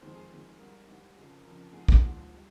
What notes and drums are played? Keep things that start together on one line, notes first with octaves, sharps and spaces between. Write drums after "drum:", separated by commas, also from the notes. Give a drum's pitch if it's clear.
F2 D#3 G#3 C5
G#4
F2 D#3 G#3 G#4
G#2 G3 A#4
G#2 G3
F2 C#3 F3 G#4
A#4
F2 C#3 F3 A#4
G#2 F3 G#3 G#4
G#4, drum: kick
G#2 F3 G#3
G3